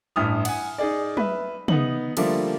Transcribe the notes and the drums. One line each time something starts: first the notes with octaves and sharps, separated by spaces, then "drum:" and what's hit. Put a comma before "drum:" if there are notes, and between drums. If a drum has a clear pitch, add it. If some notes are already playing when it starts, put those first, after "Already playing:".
A1 G2 E4 D#6 F6
F#5 G#5, drum: cymbal
D#4 G#4 D5
B4 E5, drum: tom
B3 D#4 F#7, drum: tom
D3 F3 G3 A3 A#3 D4, drum: cymbal